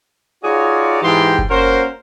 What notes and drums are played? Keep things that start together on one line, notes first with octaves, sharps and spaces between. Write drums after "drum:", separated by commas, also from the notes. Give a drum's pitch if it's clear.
D#4 F4 F#4 G#4 C#5 D5
G#2 E3 D#4 G4 G5 C6
drum: kick F#1
A#3 C#4 F#4 A#4 C5